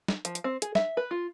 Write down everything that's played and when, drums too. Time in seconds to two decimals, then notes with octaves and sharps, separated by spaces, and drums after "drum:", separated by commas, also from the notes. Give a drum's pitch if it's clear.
0.08 drum: snare
0.25 F3, drum: hi-hat
0.35 drum: hi-hat
0.44 C4
0.62 G#4, drum: hi-hat
0.75 E5, drum: snare
0.97 B4
1.11 F4